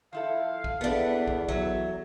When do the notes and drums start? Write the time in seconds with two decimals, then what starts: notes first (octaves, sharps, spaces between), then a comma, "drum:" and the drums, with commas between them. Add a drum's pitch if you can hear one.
0.13 F3 E4 A4 F5
0.64 drum: kick
0.81 E2 A3 B3 D4 A4 B4
1.27 drum: kick
1.49 F#3 E5, drum: kick